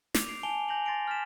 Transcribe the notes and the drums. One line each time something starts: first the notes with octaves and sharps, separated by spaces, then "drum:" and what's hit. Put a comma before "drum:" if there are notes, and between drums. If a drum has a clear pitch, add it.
D6 G6 F7, drum: snare
C7 D7
G#5 A5 D7 F7 G7
G#5 G6 A#6 F7 F#7
C6 A6 A#6 C7 D7 F7
F6 G6 A6 B6 E7